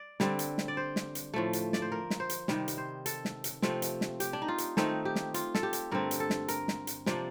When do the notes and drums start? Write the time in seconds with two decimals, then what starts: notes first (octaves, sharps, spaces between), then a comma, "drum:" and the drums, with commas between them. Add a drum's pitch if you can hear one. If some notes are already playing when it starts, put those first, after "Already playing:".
Already playing: D5
0.20 D3 G3 C4, drum: snare
0.39 drum: hi-hat
0.58 drum: snare
0.68 D5
0.77 C5
0.96 drum: snare
1.15 drum: hi-hat
1.34 A2 F3 A3
1.53 drum: hi-hat
1.73 D5, drum: snare
1.82 C5
1.92 A#4
2.10 drum: snare
2.20 C5
2.30 drum: hi-hat
2.48 C3 D#3 G3, drum: snare
2.68 drum: hi-hat
2.78 C5
3.06 A4, drum: hi-hat
3.25 drum: snare
3.44 drum: hi-hat
3.62 C3 F3 A3 C4, drum: snare
3.82 drum: hi-hat
4.01 drum: snare
4.20 G4, drum: hi-hat
4.33 D4
4.42 D#4
4.48 F4
4.58 drum: hi-hat
4.77 D#3 A3 C4 D#4, drum: snare
5.05 G4
5.16 drum: snare
5.34 F4, drum: hi-hat
5.55 A4, drum: snare
5.63 G4
5.73 drum: hi-hat
5.91 G2 D3 A3 C4 A#4
6.11 drum: hi-hat
6.20 A4
6.30 drum: snare
6.48 A#4, drum: hi-hat
6.68 drum: snare
6.87 drum: hi-hat
7.06 C3 F3 A#3 D4, drum: snare